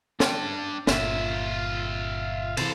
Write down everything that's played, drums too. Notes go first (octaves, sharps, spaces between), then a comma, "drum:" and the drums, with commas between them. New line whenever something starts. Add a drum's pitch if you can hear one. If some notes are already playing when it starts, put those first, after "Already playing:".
D4 G5, drum: snare
G1 A#2 F4 E5, drum: snare
C3 E3 A4 C5, drum: cymbal